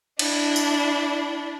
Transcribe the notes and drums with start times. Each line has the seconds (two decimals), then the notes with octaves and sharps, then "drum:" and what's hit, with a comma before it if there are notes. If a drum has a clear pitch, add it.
0.19 D4 E4, drum: cymbal
0.56 drum: tambourine